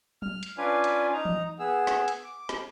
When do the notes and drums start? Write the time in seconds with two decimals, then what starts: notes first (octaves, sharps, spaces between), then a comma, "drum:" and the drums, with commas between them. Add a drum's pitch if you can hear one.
0.22 F6, drum: tom
0.43 drum: hi-hat
0.58 C#4 D4 F4 B4 D5 G#5
0.84 drum: hi-hat
1.13 D#4 A#5
1.25 drum: tom E3
1.59 B3 G#4 E6
1.87 drum: snare
2.08 drum: hi-hat
2.24 D6
2.49 drum: snare